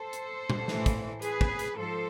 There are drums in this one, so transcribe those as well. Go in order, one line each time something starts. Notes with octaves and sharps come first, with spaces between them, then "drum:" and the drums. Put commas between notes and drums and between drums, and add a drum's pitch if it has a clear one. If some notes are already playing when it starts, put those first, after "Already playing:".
Already playing: A4 C5
drum: hi-hat
drum: tom A#2
A2 E3, drum: snare
drum: kick, hi-hat
G#4 B4, drum: hi-hat
drum: kick
drum: hi-hat
G#2 F3 A4 C5